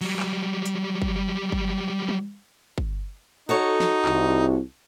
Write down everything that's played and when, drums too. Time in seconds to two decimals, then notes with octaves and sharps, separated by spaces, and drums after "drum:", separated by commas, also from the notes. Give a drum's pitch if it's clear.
0.01 F#3 G3, drum: open hi-hat
0.20 drum: clap
0.66 drum: hi-hat
1.02 drum: kick G1
1.52 drum: kick G1
2.09 drum: tom
2.78 drum: kick G1
3.49 D#4 F#4 A4 C#5
3.80 drum: snare
4.05 C2, drum: clap